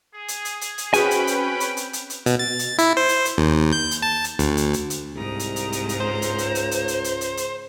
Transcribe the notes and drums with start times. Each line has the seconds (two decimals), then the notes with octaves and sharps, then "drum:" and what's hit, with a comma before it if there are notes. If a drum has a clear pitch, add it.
0.15 G#4
0.28 drum: hi-hat
0.45 drum: hi-hat
0.61 drum: hi-hat
0.78 drum: hi-hat
0.94 C4 C#4 F#4 G#4 B4 G5 G#5 B5, drum: hi-hat
1.11 drum: hi-hat
1.27 drum: hi-hat
1.60 drum: hi-hat
1.77 drum: hi-hat
1.93 drum: hi-hat
2.10 drum: hi-hat
2.26 B2, drum: hi-hat
2.39 A6
2.59 drum: hi-hat
2.78 E4, drum: hi-hat
2.97 C5
3.09 drum: hi-hat
3.25 drum: hi-hat
3.38 D#2
3.72 G6
3.91 drum: hi-hat
4.02 A5
4.24 drum: hi-hat
4.39 D2, drum: hi-hat
4.57 drum: hi-hat
4.74 drum: hi-hat
4.90 drum: hi-hat
5.14 C2 G#2 A#5
5.39 drum: hi-hat
5.56 drum: hi-hat
5.72 drum: hi-hat
5.89 drum: hi-hat
6.00 C#2 C5
6.22 drum: hi-hat
6.38 drum: hi-hat
6.55 drum: hi-hat
6.71 drum: hi-hat
6.88 drum: hi-hat
7.04 drum: hi-hat
7.21 drum: hi-hat
7.37 drum: hi-hat